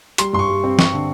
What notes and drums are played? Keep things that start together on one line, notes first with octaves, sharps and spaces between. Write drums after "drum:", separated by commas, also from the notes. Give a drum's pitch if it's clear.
G3 C6, drum: hi-hat
G2 C6
C#6
G3
C4
G3 C#6, drum: snare
D3